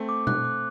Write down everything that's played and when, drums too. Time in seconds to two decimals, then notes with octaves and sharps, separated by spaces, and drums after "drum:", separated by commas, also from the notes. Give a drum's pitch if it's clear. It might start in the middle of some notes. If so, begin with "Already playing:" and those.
Already playing: A3 C4
0.09 D6
0.27 F#6, drum: tom
0.44 D6